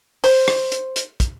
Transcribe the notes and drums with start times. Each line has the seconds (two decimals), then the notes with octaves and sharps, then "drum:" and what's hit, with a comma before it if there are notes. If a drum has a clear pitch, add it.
0.24 C5, drum: open hi-hat
0.48 drum: rim click
0.72 drum: hi-hat
0.96 drum: hi-hat
1.20 drum: kick, hi-hat